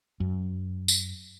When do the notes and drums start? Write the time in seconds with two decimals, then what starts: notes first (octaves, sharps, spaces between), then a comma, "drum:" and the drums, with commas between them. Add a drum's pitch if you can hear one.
0.20 F#2
0.88 drum: tambourine